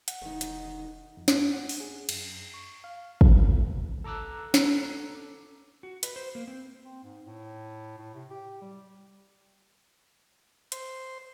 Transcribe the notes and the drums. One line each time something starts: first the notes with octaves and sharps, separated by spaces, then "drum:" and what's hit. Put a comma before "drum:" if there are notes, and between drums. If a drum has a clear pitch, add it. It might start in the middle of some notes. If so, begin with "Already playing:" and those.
F#5, drum: hi-hat
E1 D#3 D#4
drum: hi-hat
F2
drum: snare
F#5
drum: open hi-hat
G#4
F#2, drum: cymbal
C#6
F5
E4, drum: kick
A#2
E2
A4 A#5 D6 E6 F#6
drum: snare
F#4
B4, drum: hi-hat
C5
A#3
C4
C4
G#2
A2
A2
C3
G4
G3
C5, drum: hi-hat